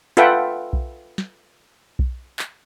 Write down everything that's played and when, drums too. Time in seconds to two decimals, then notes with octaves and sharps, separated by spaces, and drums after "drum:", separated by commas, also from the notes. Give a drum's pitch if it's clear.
0.17 F4 A4 B4 E5 F#5 G5, drum: hi-hat
0.73 drum: kick B1
1.18 drum: snare
1.99 drum: kick B1
2.39 drum: clap